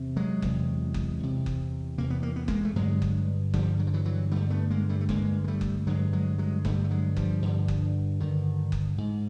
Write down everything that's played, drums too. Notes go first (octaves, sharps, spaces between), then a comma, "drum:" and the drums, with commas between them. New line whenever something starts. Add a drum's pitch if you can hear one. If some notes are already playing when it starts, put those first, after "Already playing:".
Already playing: E2 C3
F#3 G#3
E2 C3, drum: kick F#1
drum: kick F#1
E2 C3
drum: kick F#1
E2 C3 A#3
B3
A#3
B3
G#3 A#3, drum: kick F#1
A3
G2 D3 F#3 G#3
drum: kick F#1
G2 D3 F3 G3, drum: kick F#1
F#3
F3
E3 F#3
E3 F#3
G2 D3 G3 A3
A3 B3
G#3 A#3
G3 A3
A3
G2 D3 G#3 A#3, drum: kick F#1
G#3
G3 A3
drum: kick F#1
G2 D3 F#3 G#3
F#3 G#3
F#3 G#3
G2 D3 G3 A3, drum: kick F#1
A3
F#3 G#3
F3 G3, drum: kick F#1
G2 D3
drum: kick F#1
G2 D3 D#3
drum: kick F#1
G#2